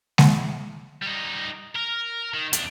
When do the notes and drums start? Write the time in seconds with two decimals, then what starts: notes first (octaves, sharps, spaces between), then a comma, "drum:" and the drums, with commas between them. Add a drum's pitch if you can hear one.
0.18 drum: snare G#3
1.02 G3 D#4
1.76 A#4
2.34 D#3
2.53 E2 D4, drum: hi-hat